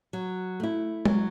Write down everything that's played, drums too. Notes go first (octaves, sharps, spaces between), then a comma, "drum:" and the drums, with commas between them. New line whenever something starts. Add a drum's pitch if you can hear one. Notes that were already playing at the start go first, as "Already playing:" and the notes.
F#3
A3 E4
F#3, drum: tom G#3